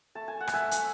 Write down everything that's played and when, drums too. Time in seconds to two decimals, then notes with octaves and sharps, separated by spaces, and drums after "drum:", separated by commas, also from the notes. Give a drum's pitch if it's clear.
0.15 A3 A5
0.28 G#5
0.40 F#5
0.47 A3, drum: rim click
0.54 E5 G#5
0.71 drum: hi-hat